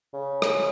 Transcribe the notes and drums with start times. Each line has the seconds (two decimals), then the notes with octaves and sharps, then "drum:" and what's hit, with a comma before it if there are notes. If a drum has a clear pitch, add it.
0.14 C#3
0.42 drum: rim click